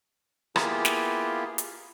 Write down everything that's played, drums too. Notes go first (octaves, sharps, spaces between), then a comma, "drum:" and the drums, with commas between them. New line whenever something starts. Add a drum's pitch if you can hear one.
A#3 B3 E4 F4 G4 G#4, drum: rim click
drum: snare
drum: hi-hat